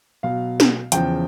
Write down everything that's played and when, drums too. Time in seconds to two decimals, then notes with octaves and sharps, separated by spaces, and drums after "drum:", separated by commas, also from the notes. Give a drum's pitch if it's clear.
0.23 B2 F#3 F5
0.60 drum: snare
0.92 E2 C#3 F3 G5, drum: hi-hat